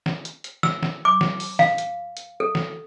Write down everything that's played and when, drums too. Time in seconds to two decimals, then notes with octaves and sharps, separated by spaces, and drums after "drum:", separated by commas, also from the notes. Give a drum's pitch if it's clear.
0.06 drum: snare
0.25 drum: hi-hat
0.44 drum: hi-hat
0.63 E6, drum: snare
0.83 drum: snare
1.05 D6
1.21 drum: snare
1.40 drum: open hi-hat
1.59 F5, drum: snare
1.78 drum: hi-hat
2.17 drum: hi-hat
2.40 A4
2.55 drum: snare